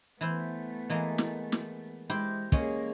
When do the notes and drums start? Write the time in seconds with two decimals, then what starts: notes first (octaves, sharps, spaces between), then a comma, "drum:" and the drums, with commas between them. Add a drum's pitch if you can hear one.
0.21 E3 A3 B3 E4 C5
0.90 E3 G#3 A#3
1.18 drum: snare
1.52 drum: snare
2.10 G#3 E4 G4 C5
2.52 G#3 A#3 C#4 G#4, drum: kick